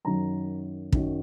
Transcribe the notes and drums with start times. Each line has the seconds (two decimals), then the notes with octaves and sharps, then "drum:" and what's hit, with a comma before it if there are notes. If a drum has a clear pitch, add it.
0.05 F#2 D#3 F#3 A#5
0.92 F#2 D#3 F#3, drum: kick